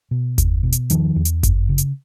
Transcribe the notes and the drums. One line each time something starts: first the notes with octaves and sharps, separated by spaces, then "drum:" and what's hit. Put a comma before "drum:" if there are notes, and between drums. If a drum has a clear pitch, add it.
B2
E2, drum: kick G1, hi-hat
B2
drum: hi-hat
E2 D#3 F3, drum: hi-hat
E2
drum: hi-hat
F#2, drum: kick G1, hi-hat
C#3
drum: hi-hat